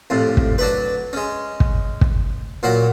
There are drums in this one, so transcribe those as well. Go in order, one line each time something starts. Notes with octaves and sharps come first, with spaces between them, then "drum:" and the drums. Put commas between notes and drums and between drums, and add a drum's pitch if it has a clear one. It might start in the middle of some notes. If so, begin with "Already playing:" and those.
F2 A2 C3
drum: kick
F#3 D4 B4
G#3 C#4
drum: kick
drum: kick
A#2 F#3 F#4